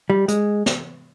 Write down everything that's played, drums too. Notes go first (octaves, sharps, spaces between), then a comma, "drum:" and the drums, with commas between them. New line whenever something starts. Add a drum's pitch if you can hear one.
G3
G#3, drum: hi-hat
drum: snare